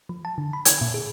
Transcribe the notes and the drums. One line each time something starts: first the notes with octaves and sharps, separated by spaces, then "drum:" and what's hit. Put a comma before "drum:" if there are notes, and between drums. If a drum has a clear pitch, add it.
F3
A5
D3
B5
G#6, drum: hi-hat
A#2
G#4